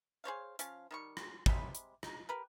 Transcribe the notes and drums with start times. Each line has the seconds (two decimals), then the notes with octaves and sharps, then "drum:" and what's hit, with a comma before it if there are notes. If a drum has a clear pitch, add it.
0.24 G#4 C5 C#5 F5
0.59 F3 C#4 F5, drum: hi-hat
0.91 D#3 G3 C#6
1.17 drum: rim click
1.46 C3 G3 G#3 B5, drum: kick
1.75 drum: hi-hat
2.03 D#4, drum: rim click
2.29 G4 A#4 B4